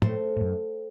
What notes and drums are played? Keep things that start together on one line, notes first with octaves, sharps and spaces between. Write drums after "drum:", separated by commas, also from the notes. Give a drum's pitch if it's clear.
A2 A3 C4, drum: tom
A2
F#2